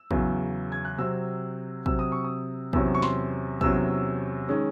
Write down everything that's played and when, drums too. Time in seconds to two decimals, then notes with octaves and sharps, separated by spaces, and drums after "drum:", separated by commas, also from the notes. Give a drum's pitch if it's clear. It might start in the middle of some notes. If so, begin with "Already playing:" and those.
Already playing: E6
0.11 E2 C#3 F#3, drum: kick
0.72 G#6
0.85 F#6
0.98 C3 F#3 C4 E6
1.86 C3 F#3 C4 E6, drum: kick
1.99 D#6
2.12 C#6
2.24 D#6
2.73 E2 C3 F#3 C#4 E6, drum: kick
2.95 C#6
3.02 C6, drum: snare
3.61 E2 C3 F#3 C#4 E6, drum: kick
4.48 D#3 G#3 C#4